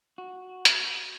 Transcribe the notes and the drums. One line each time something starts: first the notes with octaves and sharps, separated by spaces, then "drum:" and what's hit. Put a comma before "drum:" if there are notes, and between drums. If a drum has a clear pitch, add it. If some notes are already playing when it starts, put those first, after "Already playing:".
F#4
drum: hi-hat